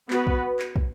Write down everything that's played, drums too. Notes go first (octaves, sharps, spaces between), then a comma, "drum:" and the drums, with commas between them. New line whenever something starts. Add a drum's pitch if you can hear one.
B3 F#4 B4, drum: clap
drum: kick
drum: clap
drum: kick